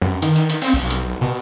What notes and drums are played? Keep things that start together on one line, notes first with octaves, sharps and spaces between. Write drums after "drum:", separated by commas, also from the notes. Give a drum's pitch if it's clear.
F#2
D#3, drum: hi-hat
drum: hi-hat
drum: hi-hat
C4, drum: open hi-hat
B1
drum: hi-hat
B2